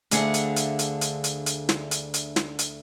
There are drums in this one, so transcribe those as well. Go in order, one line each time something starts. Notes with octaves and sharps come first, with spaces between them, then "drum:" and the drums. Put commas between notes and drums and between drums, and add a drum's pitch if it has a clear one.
D2 D3 A3 G#4 F5 F#5, drum: hi-hat
drum: hi-hat
drum: hi-hat
drum: hi-hat
drum: hi-hat
drum: hi-hat
drum: hi-hat
drum: snare
drum: hi-hat
drum: hi-hat
drum: snare
drum: hi-hat